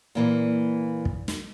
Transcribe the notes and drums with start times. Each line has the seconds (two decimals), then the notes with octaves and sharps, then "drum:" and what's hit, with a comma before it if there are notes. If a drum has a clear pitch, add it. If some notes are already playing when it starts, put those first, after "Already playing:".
0.15 A#2 E3 A#3
1.05 drum: kick
1.28 drum: snare